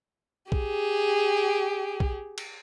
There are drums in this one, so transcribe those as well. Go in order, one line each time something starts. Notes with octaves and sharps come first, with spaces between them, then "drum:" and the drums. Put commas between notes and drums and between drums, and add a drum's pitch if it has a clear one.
G4 G#4, drum: kick B1
drum: kick B1
drum: cymbal